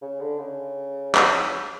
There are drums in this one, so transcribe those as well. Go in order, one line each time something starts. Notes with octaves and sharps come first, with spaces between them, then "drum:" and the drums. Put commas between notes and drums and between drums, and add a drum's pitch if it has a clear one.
C#3
D3
C#3
drum: clap